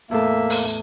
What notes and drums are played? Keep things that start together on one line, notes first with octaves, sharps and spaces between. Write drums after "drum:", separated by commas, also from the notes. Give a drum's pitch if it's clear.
E2 A2 A#3 A4 E5
drum: open hi-hat